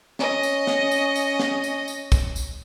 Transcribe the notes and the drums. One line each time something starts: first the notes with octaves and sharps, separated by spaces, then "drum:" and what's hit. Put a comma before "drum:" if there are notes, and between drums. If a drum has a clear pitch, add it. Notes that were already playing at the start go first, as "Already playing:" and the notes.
C#4 D#5, drum: snare
drum: tambourine
drum: snare
drum: tambourine
drum: tambourine
drum: snare
drum: tambourine
drum: tambourine
drum: kick, tambourine
drum: tambourine